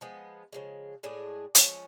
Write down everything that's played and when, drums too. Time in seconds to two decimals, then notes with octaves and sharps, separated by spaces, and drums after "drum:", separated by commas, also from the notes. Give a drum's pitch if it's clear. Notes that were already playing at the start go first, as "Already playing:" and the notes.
0.01 F3 G#3 B3
0.53 C#3 F3 G#3
1.03 A2 G#3 D4 G#4
1.55 F3 G#3 C#4, drum: hi-hat